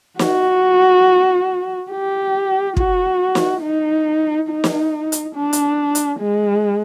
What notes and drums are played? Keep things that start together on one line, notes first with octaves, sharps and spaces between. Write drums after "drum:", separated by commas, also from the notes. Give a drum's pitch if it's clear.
F#4, drum: snare
G4
F#4, drum: kick
drum: snare
D#4
D#4
drum: snare
drum: hi-hat
D4
drum: hi-hat
drum: hi-hat
G#3